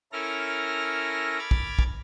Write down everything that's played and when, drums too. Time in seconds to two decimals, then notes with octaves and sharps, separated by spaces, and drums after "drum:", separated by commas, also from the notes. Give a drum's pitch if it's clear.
0.12 C#4 E4 A4 A#4 F6 A#6
1.39 B5 D6 F6 G#6 A6
1.51 drum: kick
1.79 drum: kick